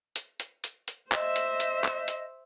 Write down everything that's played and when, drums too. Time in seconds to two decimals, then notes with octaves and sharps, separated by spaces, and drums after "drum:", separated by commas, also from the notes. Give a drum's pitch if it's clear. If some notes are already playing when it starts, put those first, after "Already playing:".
0.16 drum: hi-hat
0.40 drum: hi-hat
0.64 drum: hi-hat
0.88 drum: hi-hat
1.12 C5 D#5 E5, drum: clap
1.36 drum: hi-hat
1.60 drum: hi-hat
1.84 drum: clap
2.08 drum: hi-hat